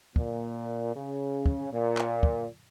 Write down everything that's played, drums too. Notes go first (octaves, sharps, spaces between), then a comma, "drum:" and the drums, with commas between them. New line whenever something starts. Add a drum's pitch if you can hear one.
A#2, drum: kick
C#3
drum: kick
A#2
drum: clap
drum: kick